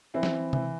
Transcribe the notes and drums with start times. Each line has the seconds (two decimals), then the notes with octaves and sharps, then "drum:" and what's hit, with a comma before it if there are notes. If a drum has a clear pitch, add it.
0.14 E3 C4 E4
0.23 drum: snare
0.53 E3, drum: tom C3